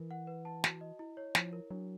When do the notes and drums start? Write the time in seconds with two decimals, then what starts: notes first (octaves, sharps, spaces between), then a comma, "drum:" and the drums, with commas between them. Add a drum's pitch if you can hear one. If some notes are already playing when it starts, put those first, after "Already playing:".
Already playing: E3 A#4
0.11 F#5
0.27 B4
0.45 A5
0.64 F#4, drum: snare
0.81 D#5
0.99 E4
1.17 C#5
1.35 F3 E4, drum: snare
1.53 A#4
1.71 F#3 D4